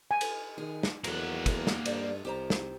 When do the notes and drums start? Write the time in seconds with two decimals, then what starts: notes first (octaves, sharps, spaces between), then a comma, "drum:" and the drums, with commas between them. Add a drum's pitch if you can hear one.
0.11 G#5
0.21 drum: cymbal
0.58 D#3 G#4
0.83 drum: snare
1.04 E2 F#3 A#3 F#5, drum: cymbal
1.46 drum: kick, cymbal
1.67 drum: snare
1.86 G2 C5 D5, drum: cymbal
2.25 C2 G4 C5 A#5
2.50 drum: snare